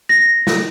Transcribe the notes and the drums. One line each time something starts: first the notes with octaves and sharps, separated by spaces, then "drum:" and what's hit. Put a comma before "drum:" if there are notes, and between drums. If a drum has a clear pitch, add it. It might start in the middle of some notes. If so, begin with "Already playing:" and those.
A#6
drum: snare